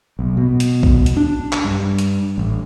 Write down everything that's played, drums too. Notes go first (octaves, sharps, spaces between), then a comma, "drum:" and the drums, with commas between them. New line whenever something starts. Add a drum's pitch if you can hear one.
B1
B2
drum: hi-hat
drum: kick
drum: hi-hat
D4
drum: clap
G2
drum: hi-hat
A1